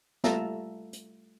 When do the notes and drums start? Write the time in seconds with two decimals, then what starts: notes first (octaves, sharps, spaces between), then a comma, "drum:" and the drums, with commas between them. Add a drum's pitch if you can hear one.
0.24 G3 A3 F4 E5 A5 A#5, drum: snare
0.93 drum: hi-hat